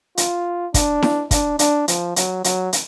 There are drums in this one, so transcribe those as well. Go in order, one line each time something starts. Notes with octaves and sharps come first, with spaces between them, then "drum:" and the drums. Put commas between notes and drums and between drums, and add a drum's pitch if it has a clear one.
F4, drum: hi-hat
D4, drum: kick, hi-hat
drum: snare E4
D4, drum: kick, hi-hat
D4, drum: hi-hat
F3, drum: hi-hat
F#3, drum: hi-hat
F#3, drum: hi-hat
drum: hi-hat